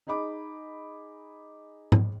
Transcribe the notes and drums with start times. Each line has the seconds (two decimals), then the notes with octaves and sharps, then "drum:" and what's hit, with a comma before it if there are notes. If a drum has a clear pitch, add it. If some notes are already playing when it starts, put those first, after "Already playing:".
0.07 D#4 G#4 D#5 B5 D6
1.92 drum: tom G#2